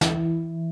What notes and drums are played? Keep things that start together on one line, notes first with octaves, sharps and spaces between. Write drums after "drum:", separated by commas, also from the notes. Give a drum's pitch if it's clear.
E3 E4, drum: snare